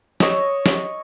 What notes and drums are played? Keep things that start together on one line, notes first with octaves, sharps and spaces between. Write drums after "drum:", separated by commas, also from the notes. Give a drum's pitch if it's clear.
C#5 D#5 E6, drum: snare
drum: snare